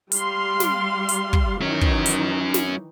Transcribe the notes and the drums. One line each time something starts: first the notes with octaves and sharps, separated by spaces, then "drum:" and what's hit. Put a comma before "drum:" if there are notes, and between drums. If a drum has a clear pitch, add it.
G3 F5 C6, drum: hi-hat
drum: snare
drum: hi-hat
drum: kick
D#3 E3 F#3 C#4 D#4
drum: kick
drum: hi-hat
drum: snare